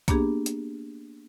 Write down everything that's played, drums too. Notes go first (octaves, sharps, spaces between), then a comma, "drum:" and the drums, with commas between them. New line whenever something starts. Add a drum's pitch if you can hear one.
A#3 B3 D4 G4 G#4, drum: kick B1, hi-hat
drum: hi-hat